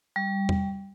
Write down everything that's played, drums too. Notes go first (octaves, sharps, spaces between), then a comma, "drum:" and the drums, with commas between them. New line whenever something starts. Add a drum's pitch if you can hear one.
G3
drum: tom E2